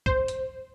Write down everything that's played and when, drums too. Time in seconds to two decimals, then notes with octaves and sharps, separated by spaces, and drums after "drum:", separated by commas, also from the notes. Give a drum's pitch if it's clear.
0.06 C5, drum: kick C2
0.28 drum: hi-hat